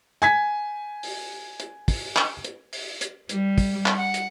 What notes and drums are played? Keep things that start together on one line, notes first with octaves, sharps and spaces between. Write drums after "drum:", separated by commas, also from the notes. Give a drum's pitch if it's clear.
G#5 G#6 B6
drum: open hi-hat
drum: hi-hat
drum: kick, open hi-hat
drum: clap
drum: hi-hat
drum: open hi-hat
drum: hi-hat
G3, drum: hi-hat
drum: kick, open hi-hat
drum: clap
F#5
drum: hi-hat